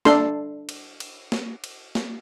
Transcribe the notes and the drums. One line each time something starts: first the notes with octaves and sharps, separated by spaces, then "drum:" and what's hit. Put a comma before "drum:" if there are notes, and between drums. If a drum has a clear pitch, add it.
D4 A4 C6, drum: snare A#3
drum: cymbal
drum: cymbal
drum: snare A#3
drum: cymbal
drum: snare A#3